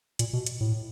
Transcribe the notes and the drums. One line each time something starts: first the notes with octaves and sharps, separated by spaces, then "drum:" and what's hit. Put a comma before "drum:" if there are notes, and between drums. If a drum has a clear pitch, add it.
A#2, drum: hi-hat
B2
drum: hi-hat
A2